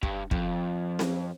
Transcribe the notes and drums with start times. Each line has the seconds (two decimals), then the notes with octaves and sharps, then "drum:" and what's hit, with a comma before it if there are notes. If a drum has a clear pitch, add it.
0.03 G2, drum: kick
0.31 F2, drum: kick
0.99 drum: snare C4